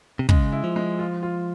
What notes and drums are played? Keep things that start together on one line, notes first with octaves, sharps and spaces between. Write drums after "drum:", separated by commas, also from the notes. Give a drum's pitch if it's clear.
C3
C#3 G#3, drum: kick
E4
F3
G#3
F4
F4